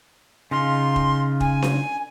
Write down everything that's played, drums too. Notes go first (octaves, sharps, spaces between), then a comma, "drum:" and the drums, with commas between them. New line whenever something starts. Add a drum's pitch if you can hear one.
C#3 D#4 F4 C6
drum: kick E1
G#5, drum: kick E1
drum: snare D4